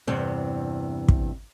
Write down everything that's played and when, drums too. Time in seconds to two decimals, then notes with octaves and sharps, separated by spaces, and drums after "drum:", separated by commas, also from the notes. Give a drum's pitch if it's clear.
0.07 E2 G2 C3 C4
1.08 drum: kick